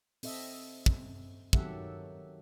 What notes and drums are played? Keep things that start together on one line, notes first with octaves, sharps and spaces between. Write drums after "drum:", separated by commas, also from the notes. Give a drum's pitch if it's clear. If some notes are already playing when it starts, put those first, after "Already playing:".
C4 A4 D#5 E5, drum: open hi-hat
drum: kick
D#3 F#3 G4 A4 E5 F#5, drum: kick